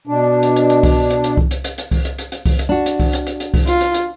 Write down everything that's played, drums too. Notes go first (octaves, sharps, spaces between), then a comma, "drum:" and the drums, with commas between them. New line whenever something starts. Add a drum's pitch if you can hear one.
B2 D4
drum: hi-hat
drum: hi-hat
drum: hi-hat
drum: kick C2, open hi-hat
drum: hi-hat
drum: hi-hat
drum: kick C2
drum: hi-hat
drum: hi-hat
drum: hi-hat
drum: kick C2, open hi-hat
drum: hi-hat
drum: hi-hat
drum: hi-hat
drum: kick C2, open hi-hat
drum: hi-hat
D4 F#4
drum: hi-hat
drum: kick C2, open hi-hat
drum: hi-hat
drum: hi-hat
drum: hi-hat
drum: kick C2, open hi-hat
F4, drum: hi-hat
drum: hi-hat
drum: hi-hat